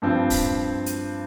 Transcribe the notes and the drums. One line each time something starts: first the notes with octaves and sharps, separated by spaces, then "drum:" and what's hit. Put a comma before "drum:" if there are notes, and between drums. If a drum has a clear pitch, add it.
G2 F3 C4
drum: kick, open hi-hat
drum: hi-hat